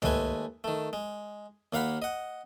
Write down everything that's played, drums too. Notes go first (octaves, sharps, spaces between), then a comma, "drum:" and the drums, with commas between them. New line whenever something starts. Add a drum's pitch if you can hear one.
D#2 G#3 A3 B4 G#5, drum: tom
D#3 A3
G#3
D#2 A#3 F5 F#5 B5
D#5 F#5